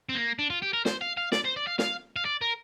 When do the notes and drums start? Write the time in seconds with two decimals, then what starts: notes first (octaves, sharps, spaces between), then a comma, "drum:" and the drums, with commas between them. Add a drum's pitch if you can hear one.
0.09 C4
0.15 A#3
0.39 D4
0.50 F4
0.62 G4
0.73 A#4
0.85 C5, drum: snare
1.01 F5
1.17 F5
1.32 D5, drum: snare
1.45 C5
1.56 D5
1.67 F5
1.79 F5, drum: snare
2.16 F5
2.25 D5
2.42 A#4